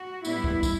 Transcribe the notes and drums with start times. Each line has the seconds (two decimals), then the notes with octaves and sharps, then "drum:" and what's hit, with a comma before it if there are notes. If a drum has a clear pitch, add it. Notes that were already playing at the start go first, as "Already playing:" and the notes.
Already playing: F#4
0.25 A2 G3 B3 E4, drum: tambourine
0.44 drum: kick
0.63 drum: kick, tambourine